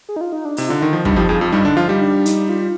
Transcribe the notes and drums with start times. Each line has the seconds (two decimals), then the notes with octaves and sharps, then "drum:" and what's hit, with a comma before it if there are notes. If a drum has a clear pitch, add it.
0.09 G#4
0.16 D#4
0.21 F4
0.32 D#4
0.45 D4
0.57 C3 D#4, drum: open hi-hat
0.69 D3 F4
0.81 D#3 D#4
0.93 F3 D#4
1.05 G2 G3 D#4, drum: kick
1.16 F2 F3 G4
1.29 F2 F3 G#4
1.41 F2 F3 F4
1.52 G2 G3 D#4
1.65 D3 D4
1.77 F3 F4
1.89 G3 G4
2.01 D4
2.26 D#4, drum: hi-hat
2.49 F4